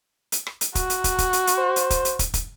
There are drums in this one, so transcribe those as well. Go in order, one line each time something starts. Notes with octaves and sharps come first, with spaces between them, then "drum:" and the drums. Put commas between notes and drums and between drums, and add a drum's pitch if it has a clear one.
drum: hi-hat
drum: rim click
drum: hi-hat
F#4, drum: kick, hi-hat
drum: hi-hat
drum: kick, hi-hat
drum: kick, hi-hat
drum: hi-hat
drum: hi-hat
C5
drum: hi-hat
drum: kick, hi-hat
drum: hi-hat
drum: kick, hi-hat
drum: kick, hi-hat